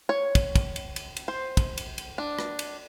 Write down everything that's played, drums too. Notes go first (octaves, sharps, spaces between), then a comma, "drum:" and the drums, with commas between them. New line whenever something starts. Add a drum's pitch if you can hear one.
C#5
drum: kick, cymbal
drum: kick, cymbal
drum: cymbal
drum: cymbal
drum: cymbal
C5
drum: kick, cymbal
drum: cymbal
drum: cymbal
D4
drum: rim click
drum: cymbal